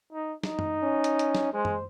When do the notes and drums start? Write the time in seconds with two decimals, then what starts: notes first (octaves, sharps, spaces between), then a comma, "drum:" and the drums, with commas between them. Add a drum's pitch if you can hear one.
0.13 D#4
0.43 D#4, drum: snare
0.59 drum: tom F#2
0.83 C#4
1.04 drum: hi-hat
1.19 drum: hi-hat
1.35 drum: snare
1.54 G#3 C5
1.65 drum: tom F#2